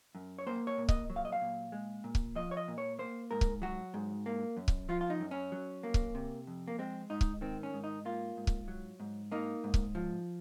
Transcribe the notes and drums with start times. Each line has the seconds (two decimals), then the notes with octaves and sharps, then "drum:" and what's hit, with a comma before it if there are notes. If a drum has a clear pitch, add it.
0.15 F#2
0.39 C#5
0.47 A#3 C5
0.67 C#5
0.78 A#2
0.89 D#5, drum: kick C#1
1.10 F#3
1.16 F5
1.25 D#5
1.32 F5
1.41 A#2
1.72 G#3
2.04 A#2
2.15 drum: kick C#1
2.35 F3 D#5
2.51 C#5
2.57 D#5
2.68 A#2
2.78 C#5
2.99 A#3 C5
3.31 G#2 A#4
3.41 drum: kick C#1
3.62 F#3 F#4
3.94 G#2
4.26 A#3
4.57 F#2
4.68 drum: kick C#1
4.89 F3 F4
5.01 F4
5.10 D#4
5.20 F#2
5.31 C#4
5.52 F#3
5.83 A#3
5.94 drum: kick C#1
6.15 C3
6.47 F2
6.68 A#3
6.79 G#3 C4
7.10 G#2 D#4
7.21 drum: kick C#1
7.41 D#3 C4
7.63 C#4
7.74 G#2
7.84 D#4
8.05 A#3 F4
8.37 G#2
8.47 drum: kick C#1
8.68 F#3
9.00 G#2
9.32 A#3 D#4
9.64 G#2
9.74 drum: kick C#1
9.95 F3